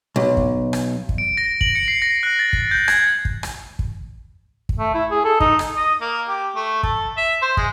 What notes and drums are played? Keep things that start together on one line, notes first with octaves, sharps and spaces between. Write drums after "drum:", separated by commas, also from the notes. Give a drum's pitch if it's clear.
B1
drum: kick
drum: rim click
drum: kick
D7
A#6
F#7, drum: kick
C#7
C7
A#6
F#6
A6
drum: kick
G6
G#6, drum: rim click
drum: kick
drum: rim click
drum: kick
drum: kick
A3
E4
G#4
A4
D#4, drum: kick
drum: rim click
D#5
A#3
G4
A3
A4, drum: kick
E5
C5
G#3, drum: kick